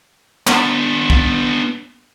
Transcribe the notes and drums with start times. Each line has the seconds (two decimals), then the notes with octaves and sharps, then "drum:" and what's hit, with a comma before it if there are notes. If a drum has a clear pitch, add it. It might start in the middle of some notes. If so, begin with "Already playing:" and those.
0.47 B3 D4, drum: clap
1.10 drum: kick